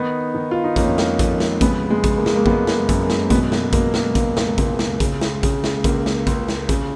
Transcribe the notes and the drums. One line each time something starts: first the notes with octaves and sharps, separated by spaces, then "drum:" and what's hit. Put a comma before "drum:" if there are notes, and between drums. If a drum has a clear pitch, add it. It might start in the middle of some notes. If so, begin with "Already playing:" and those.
Already playing: D#3 B3 D#4
D#3
F4
D#4
F2 A#3 C#4, drum: kick A1, hi-hat
drum: snare
F2, drum: kick A1, hi-hat
drum: snare
C#3 G#3 B3, drum: kick A1, hi-hat
G#3
C#3, drum: kick A1, hi-hat
A#3
G#3, drum: snare
A#3
F#2 G#3 B3, drum: kick A1
drum: snare
F#2, drum: kick A1, hi-hat
drum: snare
B2 G#3 B3, drum: kick A1, hi-hat
A#3, drum: snare
B2 A#3, drum: kick A1, hi-hat
A#3, drum: snare
C#2 A#3, drum: kick A1, hi-hat
drum: snare
C#2, drum: kick A1, hi-hat
drum: snare
C#3, drum: kick A1, hi-hat
drum: snare
C#3, drum: kick A1, hi-hat
drum: snare
C#2 A#3, drum: kick A1, hi-hat
drum: snare
C#2, drum: kick A1, hi-hat
drum: snare
C#3, drum: kick A1, hi-hat